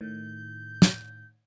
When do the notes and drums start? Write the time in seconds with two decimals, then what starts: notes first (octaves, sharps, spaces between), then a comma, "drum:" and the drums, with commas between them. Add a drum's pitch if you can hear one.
0.01 A2 D#3 G6
0.82 drum: snare